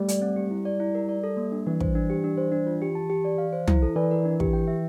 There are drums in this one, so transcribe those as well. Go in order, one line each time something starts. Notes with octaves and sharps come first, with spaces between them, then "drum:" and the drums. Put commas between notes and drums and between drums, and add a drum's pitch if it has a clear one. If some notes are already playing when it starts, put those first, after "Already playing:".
Already playing: G3 A3
D5, drum: hi-hat
C4
G4
E4
D5
E4
A#4
D5
A4
A#3
D4
E3 D4
C5, drum: kick
D4
G4
D4
C5
D4
F4
G4
A5
G4
D5
F5
C5
E4, drum: tom
A4
E3 D5
A#4
D4
G4, drum: kick
G5
E5